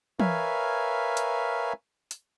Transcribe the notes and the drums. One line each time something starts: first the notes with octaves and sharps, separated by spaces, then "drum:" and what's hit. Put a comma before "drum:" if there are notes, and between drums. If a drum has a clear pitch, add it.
A#4 B4 C#5 E5 F5 G#5, drum: tom
drum: hi-hat
drum: hi-hat